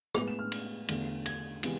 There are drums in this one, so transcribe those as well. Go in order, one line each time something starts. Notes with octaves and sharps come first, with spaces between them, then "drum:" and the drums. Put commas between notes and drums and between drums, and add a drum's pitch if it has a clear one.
A2 G#3 B3 F7, drum: rim click
E7
F6
drum: cymbal
E2 D3 A3, drum: cymbal
G#6, drum: cymbal
C3 E3 G#3 B3, drum: cymbal